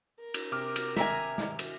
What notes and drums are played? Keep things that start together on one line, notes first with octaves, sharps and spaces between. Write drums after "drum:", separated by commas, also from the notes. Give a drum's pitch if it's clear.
A#4
drum: cymbal
C3 D6 F6
drum: cymbal
E5 G#5 A#5, drum: snare
drum: snare
drum: cymbal